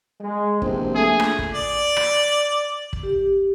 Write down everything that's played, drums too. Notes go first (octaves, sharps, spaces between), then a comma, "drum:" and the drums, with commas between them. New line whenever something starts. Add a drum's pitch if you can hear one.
G#3
A#1 E2 C3 C4, drum: kick
A3 G#4
drum: rim click
drum: kick
D5
drum: rim click
drum: kick
G4